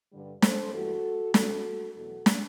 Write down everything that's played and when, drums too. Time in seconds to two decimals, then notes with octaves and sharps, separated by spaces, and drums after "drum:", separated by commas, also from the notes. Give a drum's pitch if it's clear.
0.12 G2 D3 G3
0.42 A4 C5, drum: snare
0.73 G2 E3 G3 F#4 A4
1.34 D2 C3 F#3 F#4 A4, drum: snare
1.95 E2 B2 F#3 F#4 A4
2.26 drum: snare